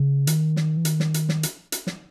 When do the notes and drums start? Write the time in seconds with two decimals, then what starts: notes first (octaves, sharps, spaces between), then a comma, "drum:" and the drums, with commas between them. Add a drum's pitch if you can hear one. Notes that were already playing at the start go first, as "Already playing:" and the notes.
Already playing: C#3
0.27 D#3, drum: hi-hat
0.56 drum: snare
0.77 E3
0.85 D#3, drum: hi-hat
1.00 drum: snare
1.14 drum: hi-hat
1.29 drum: snare
1.43 drum: hi-hat
1.72 drum: hi-hat
1.87 drum: snare